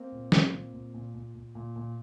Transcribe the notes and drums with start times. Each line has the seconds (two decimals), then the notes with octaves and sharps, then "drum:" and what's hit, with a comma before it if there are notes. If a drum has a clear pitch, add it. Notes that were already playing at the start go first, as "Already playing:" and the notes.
Already playing: A#3 C4
0.12 A#2
0.32 A#2, drum: snare
0.52 A#2
0.74 A#2
0.94 A#2
1.15 A#2
1.35 A#2
1.55 A#2
1.76 A#2